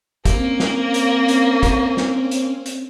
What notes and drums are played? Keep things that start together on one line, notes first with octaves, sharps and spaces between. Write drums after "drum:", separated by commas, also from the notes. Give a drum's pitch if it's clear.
A#3 C4 C#4, drum: kick, hi-hat
drum: snare
drum: hi-hat
drum: hi-hat
drum: kick, hi-hat
drum: snare
drum: hi-hat
drum: hi-hat